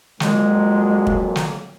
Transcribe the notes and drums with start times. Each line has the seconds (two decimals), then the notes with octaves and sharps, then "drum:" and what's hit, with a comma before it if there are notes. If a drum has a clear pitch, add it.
0.20 F2 A#2 F#3 G#3, drum: snare
1.07 drum: kick
1.36 drum: snare